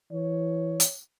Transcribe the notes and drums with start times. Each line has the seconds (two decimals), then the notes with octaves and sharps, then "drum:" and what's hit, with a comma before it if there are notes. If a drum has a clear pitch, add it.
0.12 E3 C#5
0.80 drum: hi-hat